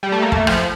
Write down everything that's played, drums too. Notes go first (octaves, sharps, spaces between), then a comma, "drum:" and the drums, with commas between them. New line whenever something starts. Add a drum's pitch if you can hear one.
G3
A3
A#3
A3, drum: kick
F3, drum: rim click